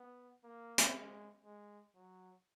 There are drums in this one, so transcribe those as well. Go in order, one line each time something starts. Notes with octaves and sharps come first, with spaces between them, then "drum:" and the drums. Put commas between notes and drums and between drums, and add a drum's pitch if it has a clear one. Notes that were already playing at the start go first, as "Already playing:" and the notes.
Already playing: B3
A#3
drum: hi-hat
G#3
G#3
F#3